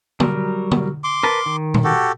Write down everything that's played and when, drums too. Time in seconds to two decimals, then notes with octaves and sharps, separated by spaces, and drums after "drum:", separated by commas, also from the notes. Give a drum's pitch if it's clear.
0.20 F#3 G3 A#4, drum: tom D3
0.71 drum: tom D3
1.04 C6 D6
1.23 A#4 B4 A5
1.46 D#3
1.74 drum: tom A#2
1.84 F#4 G4 A4